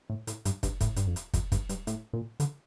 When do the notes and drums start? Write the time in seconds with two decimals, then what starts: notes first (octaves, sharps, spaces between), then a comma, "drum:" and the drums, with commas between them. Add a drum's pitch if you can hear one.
0.10 A2
0.27 A2, drum: hi-hat
0.45 G2, drum: hi-hat
0.63 G2, drum: kick, hi-hat
0.81 A2, drum: kick, hi-hat
0.96 G2, drum: hi-hat
1.07 F2
1.16 drum: hi-hat
1.34 F2, drum: kick, hi-hat
1.52 G2, drum: kick, hi-hat
1.69 G2, drum: hi-hat
1.87 A2, drum: hi-hat
2.13 A#2
2.40 D3, drum: hi-hat